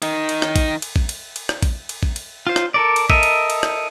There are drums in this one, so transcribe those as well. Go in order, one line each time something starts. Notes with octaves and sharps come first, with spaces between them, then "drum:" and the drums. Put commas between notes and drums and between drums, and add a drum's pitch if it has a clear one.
D#3 D#4, drum: cymbal
drum: cymbal
drum: rim click
drum: kick A1, cymbal
drum: cymbal
drum: kick A1
drum: cymbal
drum: cymbal
drum: rim click
drum: kick A1, cymbal
drum: cymbal
drum: kick A1
drum: cymbal
F4 C5
drum: rim click
A4 A#4 D5
drum: cymbal
A4 A#4 D#5 E5, drum: kick A1
drum: cymbal
drum: cymbal
drum: rim click